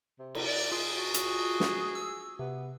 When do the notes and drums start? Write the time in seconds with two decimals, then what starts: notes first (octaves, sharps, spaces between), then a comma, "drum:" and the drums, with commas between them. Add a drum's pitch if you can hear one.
0.19 C3
0.35 drum: cymbal
0.46 D5
0.72 F4 G#4
0.93 F#4
1.14 drum: hi-hat
1.60 drum: snare
1.95 E6
2.39 C3 B3